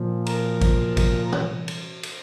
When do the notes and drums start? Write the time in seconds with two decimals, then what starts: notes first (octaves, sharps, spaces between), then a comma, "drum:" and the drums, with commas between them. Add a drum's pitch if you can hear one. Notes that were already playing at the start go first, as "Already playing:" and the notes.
Already playing: A#2 F3
0.26 A#4, drum: cymbal
0.61 A#2 F3, drum: kick, cymbal
0.97 drum: kick, cymbal
1.32 drum: tom A#2
1.68 drum: cymbal
2.03 drum: cymbal